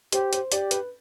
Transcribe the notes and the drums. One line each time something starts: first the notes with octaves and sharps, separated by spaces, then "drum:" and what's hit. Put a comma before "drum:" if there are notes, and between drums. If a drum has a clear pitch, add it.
G4 C5, drum: hi-hat
C5, drum: hi-hat
G4 D5, drum: hi-hat
B4, drum: hi-hat